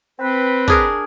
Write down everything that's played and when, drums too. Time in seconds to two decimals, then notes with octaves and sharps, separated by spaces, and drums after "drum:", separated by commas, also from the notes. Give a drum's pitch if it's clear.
0.19 C4 B4
0.68 D4 G#4 A#4, drum: kick